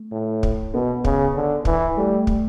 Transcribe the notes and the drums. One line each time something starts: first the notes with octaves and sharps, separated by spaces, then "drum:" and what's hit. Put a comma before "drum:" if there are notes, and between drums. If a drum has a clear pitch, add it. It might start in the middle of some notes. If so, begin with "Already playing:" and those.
Already playing: A3
A2
drum: kick
B2 B3
C#3, drum: kick
D3
E3, drum: kick
G3 A3
drum: kick